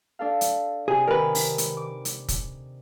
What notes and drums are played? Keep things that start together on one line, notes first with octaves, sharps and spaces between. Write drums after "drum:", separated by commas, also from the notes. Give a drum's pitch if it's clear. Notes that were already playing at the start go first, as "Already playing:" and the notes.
D4 A4 F5
drum: hi-hat
C3 G#4 G#5
D#3 A#4 B4
drum: open hi-hat
drum: hi-hat
D6
drum: hi-hat
drum: kick, hi-hat